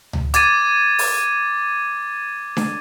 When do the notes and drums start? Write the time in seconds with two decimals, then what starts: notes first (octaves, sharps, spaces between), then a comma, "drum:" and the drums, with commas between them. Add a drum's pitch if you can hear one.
0.13 drum: tom C#2
0.34 D6 G#6 A6 D#7, drum: hi-hat
0.99 drum: open hi-hat
2.57 drum: snare D4